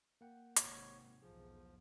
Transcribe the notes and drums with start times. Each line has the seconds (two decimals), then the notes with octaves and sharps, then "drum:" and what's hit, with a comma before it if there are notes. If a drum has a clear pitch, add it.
0.21 A#3 F#5 G5
0.56 G#1 C3 C#5, drum: hi-hat
1.22 B1 E2 G#2 F3 G#4